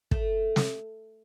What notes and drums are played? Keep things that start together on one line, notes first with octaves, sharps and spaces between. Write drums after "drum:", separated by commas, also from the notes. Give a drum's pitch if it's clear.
A3, drum: kick
drum: snare